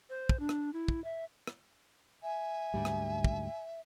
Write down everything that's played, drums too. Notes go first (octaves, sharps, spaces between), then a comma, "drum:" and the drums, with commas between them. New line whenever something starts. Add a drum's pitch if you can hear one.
C5
drum: kick
D4
drum: rim click
E4
drum: kick
E5
drum: rim click
E5 G#5
D2 G#2 G3
drum: rim click
drum: kick